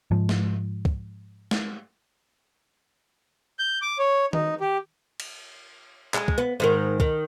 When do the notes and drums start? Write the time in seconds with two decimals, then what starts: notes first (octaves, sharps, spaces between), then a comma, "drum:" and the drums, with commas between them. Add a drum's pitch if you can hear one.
0.11 G#2 F3
0.29 drum: snare
0.85 drum: kick
1.51 drum: snare
3.59 G6
3.82 D6
3.99 C#5
4.33 D#4, drum: tom
4.60 G4
5.20 drum: cymbal
6.14 G#3, drum: clap
6.28 drum: kick
6.38 B3
6.60 G#2 D#3 A#4
7.00 D#3, drum: kick